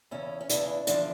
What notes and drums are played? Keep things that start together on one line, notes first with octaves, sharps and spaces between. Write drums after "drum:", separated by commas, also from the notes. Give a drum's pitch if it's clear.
E2 C#3 E3 C#4
C#4
E2 C#3 E3 D4, drum: hi-hat
E2 D3 F3 D4, drum: hi-hat